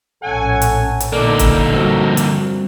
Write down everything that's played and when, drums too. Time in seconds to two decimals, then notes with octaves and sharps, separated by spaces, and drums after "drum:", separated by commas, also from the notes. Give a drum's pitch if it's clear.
0.23 A#1 A2 C#4 A4 F#5 G#5
0.62 drum: hi-hat
1.00 drum: hi-hat
1.13 A#2 D3 A#3 B3 D#4 A4 A#4 D5
1.39 drum: kick, hi-hat
1.72 G2 F3 C4 F#4
2.17 drum: hi-hat